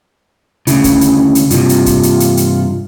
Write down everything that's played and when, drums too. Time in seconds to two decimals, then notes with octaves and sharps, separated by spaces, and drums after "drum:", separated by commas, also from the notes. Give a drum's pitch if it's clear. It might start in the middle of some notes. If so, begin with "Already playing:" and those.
0.67 D2 C#3 E4, drum: hi-hat
0.84 drum: kick, hi-hat
1.01 drum: hi-hat
1.35 drum: hi-hat
1.50 G2 C3 F4, drum: hi-hat
1.69 drum: hi-hat
1.86 drum: kick, hi-hat
2.03 drum: hi-hat
2.20 drum: hi-hat
2.37 drum: hi-hat